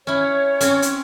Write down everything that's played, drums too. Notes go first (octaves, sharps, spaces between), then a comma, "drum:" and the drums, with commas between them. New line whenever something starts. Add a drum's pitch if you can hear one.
C#4 E4 C#5
C4 C#4, drum: hi-hat
drum: hi-hat